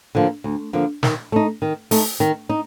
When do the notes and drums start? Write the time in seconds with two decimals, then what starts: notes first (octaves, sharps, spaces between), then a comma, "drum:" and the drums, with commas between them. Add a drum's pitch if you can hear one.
0.15 D3 F3 A#3
0.44 D2
0.73 D3 F3 A#3
1.03 D#3, drum: snare
1.32 A3 D#4
1.62 D#3
1.91 A3 D#4, drum: open hi-hat
2.20 D#3
2.49 D#4